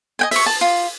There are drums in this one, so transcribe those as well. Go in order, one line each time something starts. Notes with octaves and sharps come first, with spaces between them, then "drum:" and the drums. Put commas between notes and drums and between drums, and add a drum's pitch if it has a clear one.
D#5 G5 G#5
E5 C#6, drum: open hi-hat
A5
F4